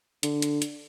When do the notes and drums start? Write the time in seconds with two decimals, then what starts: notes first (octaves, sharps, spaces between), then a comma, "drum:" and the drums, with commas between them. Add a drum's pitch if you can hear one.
0.23 D3, drum: hi-hat
0.42 drum: hi-hat
0.62 drum: hi-hat